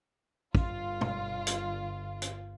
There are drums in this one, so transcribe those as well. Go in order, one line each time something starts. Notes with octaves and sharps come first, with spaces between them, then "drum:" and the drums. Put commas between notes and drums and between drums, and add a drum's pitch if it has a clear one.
G1 F4, drum: kick
drum: tom
drum: hi-hat
drum: hi-hat